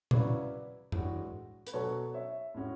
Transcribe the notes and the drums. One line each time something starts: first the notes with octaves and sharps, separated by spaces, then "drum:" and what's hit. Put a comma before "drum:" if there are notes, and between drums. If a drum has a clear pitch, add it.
C#3 F#3 C#4 E4 B4 D5, drum: tom
A2 E3 G#3 D4 F#4, drum: tom F#2
B4, drum: hi-hat
B2 F#3 B3 F#4 A4 C#5
C#5 E5
A2 G#3 C#4 F#4